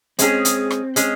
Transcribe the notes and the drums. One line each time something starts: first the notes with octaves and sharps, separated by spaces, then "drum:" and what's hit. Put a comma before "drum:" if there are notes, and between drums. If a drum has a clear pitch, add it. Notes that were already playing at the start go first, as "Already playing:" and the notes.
G#3 C4 C#4 G#4, drum: hi-hat
drum: hi-hat
drum: rim click
G#3 C#4 G#4, drum: hi-hat